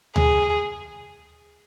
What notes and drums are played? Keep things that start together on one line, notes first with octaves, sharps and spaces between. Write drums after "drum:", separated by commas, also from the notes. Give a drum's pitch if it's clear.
G#4, drum: tom D2